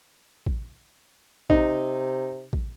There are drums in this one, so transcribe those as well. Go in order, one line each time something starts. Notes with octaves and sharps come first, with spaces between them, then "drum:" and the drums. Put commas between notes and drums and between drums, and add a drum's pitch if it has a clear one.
drum: kick A1
C3 D#4, drum: kick A1
drum: kick A1